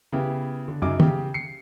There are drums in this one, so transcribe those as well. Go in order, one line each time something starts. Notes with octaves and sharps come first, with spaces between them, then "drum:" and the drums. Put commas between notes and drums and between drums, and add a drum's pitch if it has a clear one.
C#3 B3 E4 G4
D3
F#2 C#3 F#3 D#4 D6
C#3 G4, drum: tom
C7 C#7